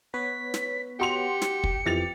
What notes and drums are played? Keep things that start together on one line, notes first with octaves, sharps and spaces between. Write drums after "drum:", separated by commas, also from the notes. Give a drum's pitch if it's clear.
B3 B4 C#5 B6
drum: snare
F#4 G4 C6 C#7 F7
drum: snare
drum: kick
F2 E3 G4 A6 F7